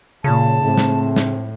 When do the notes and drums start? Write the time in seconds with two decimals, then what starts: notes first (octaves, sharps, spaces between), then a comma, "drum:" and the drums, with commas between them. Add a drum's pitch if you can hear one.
0.24 A#2 C#3 A5
0.63 A2 A3 C4
0.78 drum: snare
1.16 drum: snare